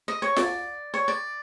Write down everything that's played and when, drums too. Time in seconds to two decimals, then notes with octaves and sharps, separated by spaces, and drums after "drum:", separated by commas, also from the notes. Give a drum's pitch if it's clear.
0.08 D#5
0.22 C#5
0.36 D5, drum: snare F4
0.94 C#5
1.08 D5